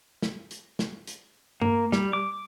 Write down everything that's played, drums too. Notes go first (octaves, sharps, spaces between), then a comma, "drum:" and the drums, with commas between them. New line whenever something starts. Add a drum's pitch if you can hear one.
drum: snare
drum: hi-hat
drum: snare
drum: hi-hat
A#3, drum: tom G2
G3, drum: snare
D6